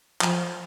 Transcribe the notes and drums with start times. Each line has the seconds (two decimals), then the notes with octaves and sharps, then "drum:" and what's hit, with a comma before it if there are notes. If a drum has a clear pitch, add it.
0.21 F3, drum: clap